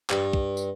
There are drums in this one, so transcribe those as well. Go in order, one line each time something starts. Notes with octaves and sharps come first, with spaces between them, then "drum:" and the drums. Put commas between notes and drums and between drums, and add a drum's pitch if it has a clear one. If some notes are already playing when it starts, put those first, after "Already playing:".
G2, drum: clap
drum: kick
drum: tambourine